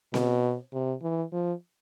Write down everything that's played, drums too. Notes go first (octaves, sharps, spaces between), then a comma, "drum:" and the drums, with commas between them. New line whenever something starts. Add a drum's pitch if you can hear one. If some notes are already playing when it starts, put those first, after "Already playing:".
B2, drum: snare C4
C3
E3
F3